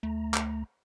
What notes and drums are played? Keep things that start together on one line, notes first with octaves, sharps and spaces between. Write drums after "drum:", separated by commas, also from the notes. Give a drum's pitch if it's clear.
D2 A3 A#5
drum: clap